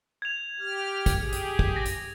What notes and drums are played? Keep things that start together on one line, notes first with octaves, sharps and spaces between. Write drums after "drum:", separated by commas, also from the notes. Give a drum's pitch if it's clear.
G#6 F7
G4 F6
drum: kick, hi-hat
G4 G#4
drum: hi-hat
drum: kick
A#6
drum: hi-hat